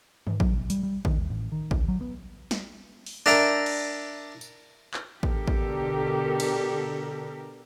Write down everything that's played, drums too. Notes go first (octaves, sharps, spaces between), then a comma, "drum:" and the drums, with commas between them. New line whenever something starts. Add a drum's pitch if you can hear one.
G#2, drum: tom D3
F#3, drum: kick A1
B1
G3, drum: hi-hat
G3
D#3, drum: kick A1
D#2
A1
D#3
C#2, drum: kick A1
F#3
B3
drum: snare
drum: open hi-hat
D4 A#4 E5 G5 A#5
drum: cymbal
drum: tambourine
drum: clap
B2 D3 G4 A4 A#4, drum: kick A1
drum: kick A1
drum: cymbal